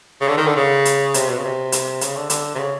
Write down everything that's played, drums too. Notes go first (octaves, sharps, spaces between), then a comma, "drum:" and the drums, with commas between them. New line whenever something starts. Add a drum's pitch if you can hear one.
C#3
D3
D#3
D3
C#3
drum: hi-hat
C3, drum: hi-hat
B2
C#3
C3
drum: hi-hat
C#3, drum: hi-hat
D3
D3, drum: hi-hat
C3
C#3